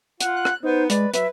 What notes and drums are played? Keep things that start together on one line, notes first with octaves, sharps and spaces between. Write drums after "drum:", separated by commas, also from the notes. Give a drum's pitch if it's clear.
F4 F#5, drum: hi-hat
F#6
drum: rim click
B3 D#4 C5
G#3 B4 D5, drum: hi-hat
F#3 B4 E5, drum: hi-hat